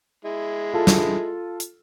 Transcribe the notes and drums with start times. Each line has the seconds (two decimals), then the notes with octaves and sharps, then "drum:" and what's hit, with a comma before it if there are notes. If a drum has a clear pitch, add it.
0.25 G#3 E4
0.74 F4 A4
0.87 drum: snare
1.60 drum: hi-hat